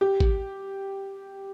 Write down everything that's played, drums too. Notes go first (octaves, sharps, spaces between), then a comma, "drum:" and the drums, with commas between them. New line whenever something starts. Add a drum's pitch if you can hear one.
G4
drum: kick